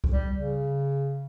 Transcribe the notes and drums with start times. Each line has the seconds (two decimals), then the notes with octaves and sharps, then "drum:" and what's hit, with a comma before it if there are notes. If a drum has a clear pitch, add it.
0.04 drum: kick C2
0.13 G3
0.37 C#3